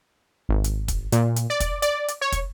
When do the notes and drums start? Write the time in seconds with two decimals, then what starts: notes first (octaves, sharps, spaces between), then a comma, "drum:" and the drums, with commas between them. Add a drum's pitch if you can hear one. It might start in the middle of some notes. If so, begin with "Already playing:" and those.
0.49 G#1
0.64 drum: hi-hat
0.88 drum: kick, hi-hat
1.12 A#2, drum: hi-hat
1.36 drum: hi-hat
1.50 D5
1.60 drum: kick, hi-hat
1.82 D5, drum: hi-hat
2.08 drum: hi-hat
2.21 C#5
2.32 drum: kick, hi-hat